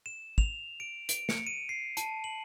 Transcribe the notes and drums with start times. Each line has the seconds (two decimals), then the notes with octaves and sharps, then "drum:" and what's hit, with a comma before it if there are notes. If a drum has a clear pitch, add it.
0.06 E7
0.38 F7, drum: kick
0.80 D7
1.09 D7, drum: hi-hat
1.29 C#7, drum: snare
1.47 D#7
1.69 C7
1.97 A5, drum: hi-hat
2.24 F#7